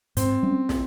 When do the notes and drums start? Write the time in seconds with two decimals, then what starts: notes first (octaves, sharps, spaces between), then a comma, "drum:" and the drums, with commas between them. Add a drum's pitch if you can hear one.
0.17 G#2 C4, drum: hi-hat
0.43 G3 C#4
0.69 drum: snare